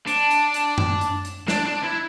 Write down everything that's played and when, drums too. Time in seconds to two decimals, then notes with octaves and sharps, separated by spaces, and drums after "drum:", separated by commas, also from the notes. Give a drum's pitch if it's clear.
0.07 D4, drum: hi-hat
0.31 drum: hi-hat
0.54 drum: hi-hat
0.78 drum: tom F#2
1.01 drum: hi-hat
1.25 drum: hi-hat
1.48 D4, drum: snare
1.66 D4
1.84 E4